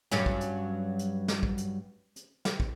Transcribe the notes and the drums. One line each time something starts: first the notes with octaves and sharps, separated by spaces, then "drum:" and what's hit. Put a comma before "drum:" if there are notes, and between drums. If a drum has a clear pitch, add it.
G2 F#3 C#4, drum: snare
drum: kick
drum: hi-hat
drum: hi-hat
drum: snare
drum: kick
drum: hi-hat
drum: hi-hat
drum: snare
drum: kick